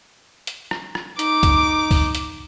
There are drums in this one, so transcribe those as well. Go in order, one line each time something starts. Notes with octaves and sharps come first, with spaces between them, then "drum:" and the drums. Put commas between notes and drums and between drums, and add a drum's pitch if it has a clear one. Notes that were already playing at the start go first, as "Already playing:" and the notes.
drum: hi-hat
drum: rim click
drum: rim click
D#4 D6, drum: hi-hat
drum: kick, hi-hat
drum: kick, open hi-hat
drum: hi-hat